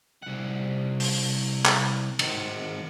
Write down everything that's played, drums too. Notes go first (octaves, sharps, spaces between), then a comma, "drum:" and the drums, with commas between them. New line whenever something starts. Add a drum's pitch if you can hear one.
C2 F#5
drum: open hi-hat
drum: clap
D#3 C4, drum: cymbal